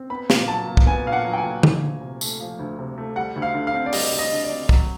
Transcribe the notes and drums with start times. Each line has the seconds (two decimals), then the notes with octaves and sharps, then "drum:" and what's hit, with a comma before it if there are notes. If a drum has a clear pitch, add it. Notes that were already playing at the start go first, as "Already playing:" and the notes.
Already playing: C4
0.10 B3 B5
0.30 A#2, drum: snare
0.48 F#3 A5
0.67 A#2
0.77 drum: kick
0.86 B3 G#5
1.06 A#2 F5
1.12 F#5
1.25 F#3
1.33 G5
1.38 G#5
1.44 A#2
1.63 F3, drum: tom D3
1.82 D2
2.02 C3
2.21 A3, drum: tambourine
2.41 F3
2.59 D2
2.79 C3
2.98 A3
3.16 G3 F#5
3.36 D2
3.42 F5
3.55 D3
3.67 F5
3.74 C4
3.86 D5
3.93 G3 D#5, drum: open hi-hat
4.12 D2
4.18 D#5
4.32 D3 D#5
4.44 D5
4.51 C4
4.69 F#3, drum: kick